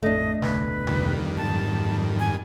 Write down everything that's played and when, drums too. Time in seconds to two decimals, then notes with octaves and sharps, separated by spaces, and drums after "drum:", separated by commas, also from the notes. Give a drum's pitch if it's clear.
0.03 A1 F2 A2 A3 D4 D#5
0.42 F1 D2 B2 B4, drum: snare
0.87 F2 D#3 G3, drum: tom C3
1.37 G#2 F3 F#3 A5
2.20 G#5